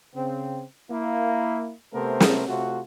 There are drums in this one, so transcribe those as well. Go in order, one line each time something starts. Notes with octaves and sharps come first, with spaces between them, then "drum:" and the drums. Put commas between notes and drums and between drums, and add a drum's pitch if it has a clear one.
C#3 C4
A#3 E4
C3 A3 B3 A#4 C5
drum: snare
C3 A3 F4 F#4